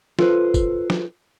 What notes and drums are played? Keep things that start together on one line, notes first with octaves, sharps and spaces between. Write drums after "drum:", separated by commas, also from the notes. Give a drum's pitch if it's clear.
F4 A4 B4 C5, drum: snare
drum: kick, tambourine
drum: snare